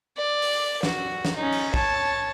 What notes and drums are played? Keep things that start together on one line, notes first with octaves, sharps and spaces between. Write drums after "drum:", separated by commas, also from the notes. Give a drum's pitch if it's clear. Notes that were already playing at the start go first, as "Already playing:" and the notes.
D5
drum: open hi-hat
F#4, drum: snare
drum: snare
C#4 D#4
drum: cymbal
C#5 A5, drum: kick